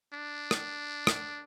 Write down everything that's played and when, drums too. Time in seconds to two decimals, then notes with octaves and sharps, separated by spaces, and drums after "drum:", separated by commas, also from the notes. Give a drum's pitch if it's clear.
0.14 D4
0.51 drum: rim click
1.07 drum: rim click